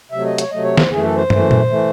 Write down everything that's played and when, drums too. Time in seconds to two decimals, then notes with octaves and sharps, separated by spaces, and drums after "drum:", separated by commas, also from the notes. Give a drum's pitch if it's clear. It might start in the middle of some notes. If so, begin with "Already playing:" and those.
0.12 C3 F#3 A3 E5
0.25 D#5
0.38 C#5, drum: hi-hat
0.51 C3 F#3 A3 D#5
0.64 C#5
0.77 C5, drum: snare
0.91 F#2 E3 A3 G#4
1.03 A4
1.16 C5
1.30 F#2 E3 A3, drum: tom
1.51 drum: tom A#2
1.70 E3 A3